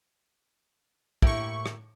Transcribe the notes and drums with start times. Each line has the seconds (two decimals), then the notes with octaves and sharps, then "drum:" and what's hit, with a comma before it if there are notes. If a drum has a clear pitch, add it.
1.22 A2 A#3 E4 G4 C#6, drum: kick
1.66 drum: rim click